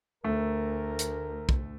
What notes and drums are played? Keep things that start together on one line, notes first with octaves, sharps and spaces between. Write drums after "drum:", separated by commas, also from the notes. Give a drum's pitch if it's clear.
D2 A3 A#4
drum: hi-hat
drum: kick